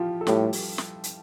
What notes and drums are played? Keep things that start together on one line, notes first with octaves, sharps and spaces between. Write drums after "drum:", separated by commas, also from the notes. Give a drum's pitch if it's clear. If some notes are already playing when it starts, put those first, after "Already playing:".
Already playing: E3 F3 F4 G4
A4
A2 G3 G4, drum: snare
drum: open hi-hat
drum: snare
drum: hi-hat